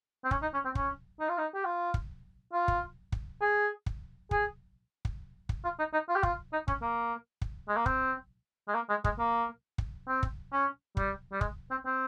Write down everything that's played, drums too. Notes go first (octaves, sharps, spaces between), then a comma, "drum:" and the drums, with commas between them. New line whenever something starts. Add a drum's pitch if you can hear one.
C4
C#4, drum: kick
D#4
C#4
C4
C#4, drum: kick
D#4
F4
D#4
G4
F4
drum: kick
F4
drum: kick
drum: kick
G#4
drum: kick
G#4, drum: kick
drum: kick
drum: kick
F4
D#4
D#4
F4
G4
F4, drum: kick
D#4
C#4, drum: kick
A#3
drum: kick
G#3
A#3
C4, drum: kick
G#3
A#3
G#3
G#3, drum: kick
A#3
drum: kick
C4
drum: kick
C#4
G3, drum: kick
G3
G#3, drum: kick
C4
C4